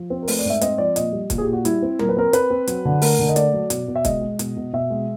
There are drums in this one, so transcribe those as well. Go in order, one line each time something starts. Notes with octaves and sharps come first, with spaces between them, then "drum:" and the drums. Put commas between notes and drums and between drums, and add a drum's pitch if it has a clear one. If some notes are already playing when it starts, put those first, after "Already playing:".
Already playing: F3
C4
A#4
A3 B4, drum: open hi-hat
D5
G#2 E5
C4 D#5, drum: hi-hat
F3 D5
A#2 D#5, drum: hi-hat
G3
A#2, drum: kick, hi-hat
G#4
G4
A#2
F#4
G3 E4, drum: hi-hat
C4
A#2 A#4, drum: tom F#3
B4
C4 A#4
C4 B4, drum: hi-hat
C4
F#3, drum: hi-hat
D3
A3 A#4, drum: open hi-hat
D3
D#5
A3 D5, drum: hi-hat
F#3
B2, drum: hi-hat
B2
E5
G#3 D#5, drum: kick, hi-hat
G#3
B2, drum: hi-hat
B2
B2 E5
G#3